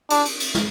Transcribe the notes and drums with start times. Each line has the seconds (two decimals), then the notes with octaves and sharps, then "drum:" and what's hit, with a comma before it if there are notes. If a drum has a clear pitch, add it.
0.10 D4, drum: cymbal
0.25 drum: cymbal
0.40 drum: cymbal
0.55 drum: snare